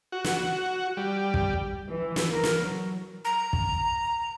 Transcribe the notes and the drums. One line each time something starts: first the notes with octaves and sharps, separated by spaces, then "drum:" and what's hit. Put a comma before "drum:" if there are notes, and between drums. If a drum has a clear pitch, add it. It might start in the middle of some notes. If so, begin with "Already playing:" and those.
F#4
drum: snare
G3
drum: kick
E3
drum: snare
A#4
drum: snare
F#3
A#5
drum: kick